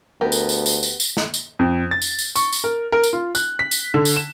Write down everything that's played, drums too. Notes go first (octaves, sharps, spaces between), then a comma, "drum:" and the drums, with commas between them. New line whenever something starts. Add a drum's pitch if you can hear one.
D2 B3 G4 A#4
drum: tambourine
drum: tambourine
drum: tambourine
drum: tambourine
drum: tambourine
drum: snare
drum: tambourine
F2
A6
drum: tambourine
drum: tambourine
C#6, drum: tambourine
drum: tambourine
A#4
A#4
drum: tambourine
F4
F#6, drum: tambourine
B6
drum: tambourine
D3
drum: tambourine
E7